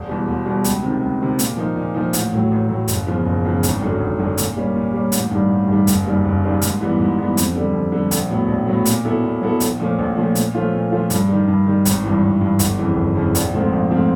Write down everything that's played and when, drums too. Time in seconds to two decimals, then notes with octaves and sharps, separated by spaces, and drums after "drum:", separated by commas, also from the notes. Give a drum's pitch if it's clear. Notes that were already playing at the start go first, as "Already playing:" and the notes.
Already playing: E1
0.08 E2 B2 G3
0.27 E1
0.45 E2 B2 G3
0.64 C#2, drum: hi-hat
0.83 C3 D#3
1.01 C#2
1.21 C3 D#3
1.39 A#2, drum: hi-hat
1.57 F3 A#3 D#4
1.76 A#2
1.95 F3 A#3 D#4
2.13 A1, drum: hi-hat
2.33 A2 F#3
2.51 A1
2.69 A2 F#3
2.88 F#1, drum: hi-hat
3.07 E2 C#3 F3
3.26 F#1
3.45 E2 C#3 F3
3.63 G#1, drum: hi-hat
3.81 F#2 D3 F#3
4.00 G#1
4.19 F#2 D3 F#3
4.37 A#2, drum: hi-hat
4.57 G3 A#3 C#4
4.76 A#2
4.93 G3 A#3 C#4
5.12 A1, drum: hi-hat
5.31 G2 D#3 G3
5.50 A1
5.68 G2 D#3 G3
5.87 F#1, drum: hi-hat
6.06 F#2 D#3 G3 A#3
6.25 F#1
6.44 F#2 D#3 G3 A#3
6.62 G#2, drum: hi-hat
6.81 E3 G3 B3
7.00 G#2
7.19 E3 G3 B3
7.37 F2, drum: hi-hat
7.56 D3 G3
7.73 F2
7.92 D3 G3
8.11 A#1, drum: hi-hat
8.30 A2 F#3 B3
8.48 A#1
8.67 A2 F#3 B3
8.85 A#2, drum: hi-hat
9.05 F#3 B3 E4 A4
9.24 A#2
9.42 F#3 B3 E4 A4
9.60 A#1, drum: hi-hat
9.80 A#2 F3 A3 C#4
9.99 A#1
10.17 A#2 F3 A3 C#4
10.35 A#2, drum: hi-hat
10.54 F3 A3 C#4 F4
10.73 A#2
10.92 F3 A3 C#4 F4
11.10 G2, drum: hi-hat
11.29 D#3 G3
11.48 G2
11.67 D#3 G3
11.85 G#1, drum: hi-hat
12.03 G2 E3
12.23 G#1
12.41 G2 E3
12.59 G1, drum: hi-hat
12.79 F2 C#3 E3
12.96 G1
13.16 F2 C#3 E3
13.35 A#1, drum: hi-hat
13.54 G#2 F3 A3 C4
13.72 A#1
13.90 G#2 F3 A3 C4